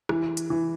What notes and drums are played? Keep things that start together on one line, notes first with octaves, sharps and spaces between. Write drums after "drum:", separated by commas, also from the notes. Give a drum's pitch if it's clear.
E3, drum: rim click
drum: hi-hat
E3